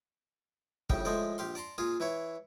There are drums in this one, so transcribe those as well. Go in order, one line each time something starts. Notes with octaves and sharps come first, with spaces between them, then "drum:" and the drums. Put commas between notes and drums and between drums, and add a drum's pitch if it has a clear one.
A#1 A2 C#3 G3 G5, drum: kick
A2 F3 G#3 A3 C5 D5
A#1 G4 F5 C6
D5 A5 A#5 C6
A#2 F4 G#4 F5
E3 E4 C#5